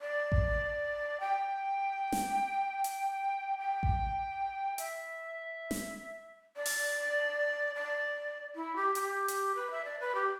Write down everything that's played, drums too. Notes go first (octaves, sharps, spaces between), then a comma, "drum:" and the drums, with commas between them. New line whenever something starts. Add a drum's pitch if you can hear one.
D5
drum: kick A1
G5
drum: snare
drum: hi-hat
G5
drum: kick A1
E5, drum: hi-hat
drum: snare
D5
drum: open hi-hat
D5
E4
G4
G4, drum: hi-hat
drum: hi-hat
B4
E5
D5
B4
G4